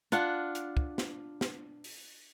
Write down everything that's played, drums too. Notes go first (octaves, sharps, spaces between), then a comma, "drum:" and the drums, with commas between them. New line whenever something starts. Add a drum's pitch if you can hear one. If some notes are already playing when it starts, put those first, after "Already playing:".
D4 F4 F#5, drum: hi-hat
drum: hi-hat
drum: kick
drum: snare
drum: snare
drum: open hi-hat